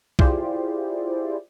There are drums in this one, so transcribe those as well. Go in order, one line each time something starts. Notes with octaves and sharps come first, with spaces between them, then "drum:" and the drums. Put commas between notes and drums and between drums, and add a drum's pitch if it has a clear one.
E4 F4 G4 G#4 C5 D5, drum: kick B1